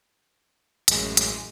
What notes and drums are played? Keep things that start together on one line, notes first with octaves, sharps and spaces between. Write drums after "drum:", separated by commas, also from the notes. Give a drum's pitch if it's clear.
A1 F#2 G#3, drum: hi-hat
drum: hi-hat